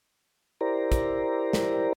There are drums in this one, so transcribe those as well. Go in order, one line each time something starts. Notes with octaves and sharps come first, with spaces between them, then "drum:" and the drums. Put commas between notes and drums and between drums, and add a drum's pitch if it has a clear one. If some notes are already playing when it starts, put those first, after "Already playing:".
E4 G4 A#4 C5 D5 A#5
drum: kick, hi-hat
drum: snare